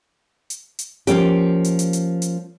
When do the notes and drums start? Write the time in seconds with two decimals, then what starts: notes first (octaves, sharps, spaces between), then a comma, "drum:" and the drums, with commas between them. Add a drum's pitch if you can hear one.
0.50 drum: hi-hat
0.79 drum: hi-hat
1.07 F3 A#3 C#4 G4, drum: hi-hat
1.64 drum: hi-hat
1.79 drum: hi-hat
1.93 drum: hi-hat
2.22 drum: hi-hat